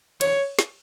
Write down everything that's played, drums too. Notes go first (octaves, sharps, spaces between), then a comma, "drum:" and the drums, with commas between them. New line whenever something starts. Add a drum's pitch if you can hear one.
C#5, drum: cymbal
drum: snare